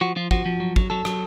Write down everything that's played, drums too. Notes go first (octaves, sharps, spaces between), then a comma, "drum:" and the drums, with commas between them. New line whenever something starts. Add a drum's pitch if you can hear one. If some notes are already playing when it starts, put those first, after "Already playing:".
F3 F#4
F3 F4
F3 F#4, drum: kick
F3
F#3
F#3, drum: kick
F#3 A4
F#3, drum: rim click